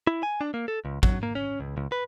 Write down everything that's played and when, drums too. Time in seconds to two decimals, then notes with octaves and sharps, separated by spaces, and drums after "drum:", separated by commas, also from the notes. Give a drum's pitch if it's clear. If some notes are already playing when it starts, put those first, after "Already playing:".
0.07 E4
0.23 G#5
0.41 D4
0.54 A#3
0.68 A4
0.85 C#2
1.03 F#3, drum: kick
1.23 A#3
1.35 C#4
1.60 C#2
1.77 C#2
1.92 B4